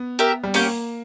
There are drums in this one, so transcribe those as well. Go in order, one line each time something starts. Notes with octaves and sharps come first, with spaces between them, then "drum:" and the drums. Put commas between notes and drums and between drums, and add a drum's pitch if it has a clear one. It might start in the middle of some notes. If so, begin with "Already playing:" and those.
Already playing: B3
G4 A#4 E5, drum: hi-hat
G3
A#3 C#4 G4, drum: open hi-hat